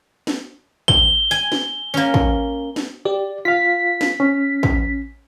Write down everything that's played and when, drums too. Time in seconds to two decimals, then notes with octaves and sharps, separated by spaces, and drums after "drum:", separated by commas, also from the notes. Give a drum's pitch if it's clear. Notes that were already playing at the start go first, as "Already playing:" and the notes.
0.27 drum: snare
0.88 G7, drum: kick
1.31 G#5
1.52 drum: snare
1.94 A#3 C#4
2.14 drum: kick
2.76 drum: snare
3.05 G4 D5
3.45 F4 F5 B6
4.01 drum: snare
4.20 C#4
4.63 drum: kick